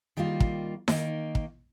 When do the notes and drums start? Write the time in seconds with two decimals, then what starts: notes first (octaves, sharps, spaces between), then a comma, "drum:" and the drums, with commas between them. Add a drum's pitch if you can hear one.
0.17 D#3 G3 A#3 F4
0.40 drum: kick
0.88 D#3 A#3 D#4, drum: snare D#4
1.35 drum: kick